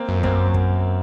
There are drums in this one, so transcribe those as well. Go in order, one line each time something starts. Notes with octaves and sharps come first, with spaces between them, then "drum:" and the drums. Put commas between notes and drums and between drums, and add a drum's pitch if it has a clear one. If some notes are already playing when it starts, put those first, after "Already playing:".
Already playing: A#3 C4
F#2
F2
F#2 A#3 C4, drum: kick
drum: kick